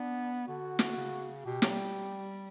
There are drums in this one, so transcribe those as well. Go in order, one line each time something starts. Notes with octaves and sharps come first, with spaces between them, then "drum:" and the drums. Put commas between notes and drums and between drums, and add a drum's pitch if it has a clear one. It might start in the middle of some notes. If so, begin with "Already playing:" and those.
Already playing: B3 D4
D3 F#4
drum: snare
C#3
B2 G4
F#3, drum: snare
G3